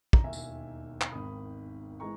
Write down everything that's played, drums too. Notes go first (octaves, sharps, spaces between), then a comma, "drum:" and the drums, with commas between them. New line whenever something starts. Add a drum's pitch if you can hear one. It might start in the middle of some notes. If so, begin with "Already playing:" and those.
A#5, drum: kick
E1 D#2 D#3 E5 G#5
drum: tambourine
drum: clap
G#1 G#2 D#3 B5 D#6
E3 G#3 A#5 C#6